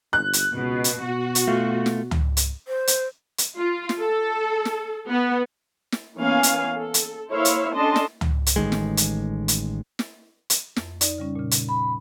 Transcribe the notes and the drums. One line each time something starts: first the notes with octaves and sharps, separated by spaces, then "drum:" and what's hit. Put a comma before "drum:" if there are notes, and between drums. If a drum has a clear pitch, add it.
G1 F#6
drum: hi-hat
C#2 B2
drum: hi-hat
B2 F#4
drum: hi-hat
A3 F4
drum: snare
drum: tom C#2
drum: hi-hat
C5
drum: hi-hat
drum: hi-hat
F4
drum: snare
A4
drum: snare
B3
drum: snare
E3 A#3 B3 C#4 F5 G#5
drum: hi-hat
A4
drum: hi-hat
A#3 E4 C5 C#5 E5 F5
drum: hi-hat
C#4 D4 A4 D#5 A5 C6
drum: snare
drum: tom C#2
drum: hi-hat
A1 D#3 G#3
drum: snare
drum: hi-hat
drum: hi-hat
drum: snare
drum: hi-hat
F2, drum: snare
D#4 D5, drum: hi-hat
C#3 G3 C#4
A#2 C#3
drum: hi-hat
B5